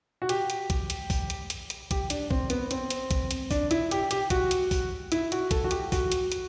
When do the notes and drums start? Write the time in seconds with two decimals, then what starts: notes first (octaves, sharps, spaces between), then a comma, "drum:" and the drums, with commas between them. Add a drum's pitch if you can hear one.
0.22 F#4
0.29 G4, drum: hi-hat
0.50 drum: hi-hat
0.70 drum: kick, hi-hat
0.90 drum: hi-hat
1.10 drum: kick, open hi-hat
1.30 drum: hi-hat
1.50 drum: hi-hat
1.70 drum: hi-hat
1.91 G4, drum: kick, hi-hat
2.10 D4, drum: hi-hat
2.31 C4, drum: kick
2.50 B3, drum: hi-hat
2.71 C4, drum: hi-hat
2.90 drum: hi-hat
3.11 drum: kick, hi-hat
3.31 drum: hi-hat
3.51 D4, drum: kick, open hi-hat
3.71 E4, drum: hi-hat
3.91 G4, drum: hi-hat
4.11 G4, drum: hi-hat
4.30 F#4, drum: kick, hi-hat
4.51 drum: hi-hat
4.71 drum: kick, open hi-hat
5.12 E4, drum: hi-hat
5.32 F#4, drum: hi-hat
5.51 A4, drum: kick, hi-hat
5.64 F#4
5.71 G4, drum: hi-hat
5.92 F#4, drum: kick, open hi-hat
6.12 drum: hi-hat
6.32 drum: hi-hat